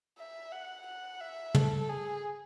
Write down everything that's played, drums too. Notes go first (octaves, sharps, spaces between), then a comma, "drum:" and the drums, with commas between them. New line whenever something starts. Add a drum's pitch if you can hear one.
E5
F#5
F#5
E5
A4, drum: tom
G#4